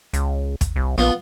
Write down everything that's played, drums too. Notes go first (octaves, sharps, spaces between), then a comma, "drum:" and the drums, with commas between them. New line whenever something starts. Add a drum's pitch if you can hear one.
C#2, drum: hi-hat
drum: kick, hi-hat
C2
A#1 B3 F4